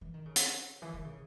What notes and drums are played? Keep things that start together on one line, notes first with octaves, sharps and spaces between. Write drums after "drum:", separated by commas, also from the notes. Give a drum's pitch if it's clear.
E3
D#3
C#3
drum: hi-hat
E3
D#3
C#3